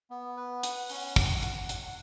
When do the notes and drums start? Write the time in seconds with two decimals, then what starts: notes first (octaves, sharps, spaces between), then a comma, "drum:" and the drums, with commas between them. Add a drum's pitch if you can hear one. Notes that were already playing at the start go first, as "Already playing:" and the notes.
0.10 B3
0.37 B4
0.63 F#5, drum: hi-hat
0.89 C#4, drum: open hi-hat
1.16 F#5, drum: kick, open hi-hat
1.43 F#5, drum: hi-hat
1.69 F#5, drum: hi-hat